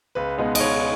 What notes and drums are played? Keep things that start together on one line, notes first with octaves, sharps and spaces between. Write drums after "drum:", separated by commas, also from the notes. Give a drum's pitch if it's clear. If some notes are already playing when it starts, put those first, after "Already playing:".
C#2 B4
B2 G#3 B3 D#4
D#5, drum: cymbal
C#2 C#5